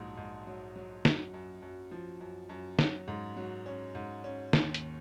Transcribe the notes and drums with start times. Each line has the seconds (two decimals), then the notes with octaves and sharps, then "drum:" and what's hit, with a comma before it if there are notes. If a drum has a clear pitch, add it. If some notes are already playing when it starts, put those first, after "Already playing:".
Already playing: A#1 G#2 F#3
0.18 G#2
0.47 F#3
0.76 F#3
1.05 F#2, drum: snare
1.34 F#2
1.62 F#2
1.91 F3
2.21 F#2
2.49 F#2
2.79 F#3, drum: snare
3.08 G#2
3.37 F#3
3.66 C#4
3.95 G#2
4.24 C#4
4.53 D#2, drum: snare
4.74 drum: hi-hat